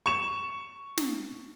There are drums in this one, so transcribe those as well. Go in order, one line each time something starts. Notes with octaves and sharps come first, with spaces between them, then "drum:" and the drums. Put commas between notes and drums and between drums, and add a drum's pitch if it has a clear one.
C#6 E7
drum: snare